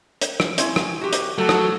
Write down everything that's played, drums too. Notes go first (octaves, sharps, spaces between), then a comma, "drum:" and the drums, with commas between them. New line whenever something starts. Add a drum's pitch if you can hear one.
drum: hi-hat
drum: rim click
C4 C#4 E4, drum: hi-hat
drum: rim click
F#4 G4
drum: hi-hat
F#3 A3 A4
drum: rim click